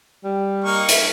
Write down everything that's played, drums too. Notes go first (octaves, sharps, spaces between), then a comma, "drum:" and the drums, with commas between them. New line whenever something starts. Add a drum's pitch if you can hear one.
G3
A#3 D#4 C#6 F6
E5, drum: hi-hat